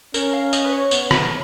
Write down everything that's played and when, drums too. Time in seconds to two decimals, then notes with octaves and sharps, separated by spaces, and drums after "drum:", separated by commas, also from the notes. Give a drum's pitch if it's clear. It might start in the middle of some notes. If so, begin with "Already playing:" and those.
0.14 C#4 A#4, drum: tambourine
0.33 F5
0.53 D#5, drum: tambourine
0.65 B4
0.72 C#5
0.91 B3, drum: tambourine
1.11 drum: rim click